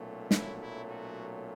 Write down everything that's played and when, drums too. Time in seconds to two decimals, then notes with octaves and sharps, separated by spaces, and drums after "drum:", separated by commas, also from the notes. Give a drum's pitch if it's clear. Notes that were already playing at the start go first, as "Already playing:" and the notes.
Already playing: B1 A#2 F#3 A3 C#4
0.31 E4, drum: snare
0.59 E4
0.88 F#4